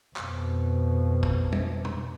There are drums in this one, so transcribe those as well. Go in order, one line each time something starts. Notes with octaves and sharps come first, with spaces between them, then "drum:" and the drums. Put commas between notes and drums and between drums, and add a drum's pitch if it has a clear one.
F2 B2, drum: clap
drum: kick
drum: tom
drum: tom